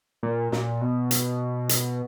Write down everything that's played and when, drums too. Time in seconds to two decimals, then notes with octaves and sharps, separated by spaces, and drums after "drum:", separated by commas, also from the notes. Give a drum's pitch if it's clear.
0.23 A#2
0.52 A#2, drum: snare
0.81 B2
1.11 drum: hi-hat
1.69 drum: hi-hat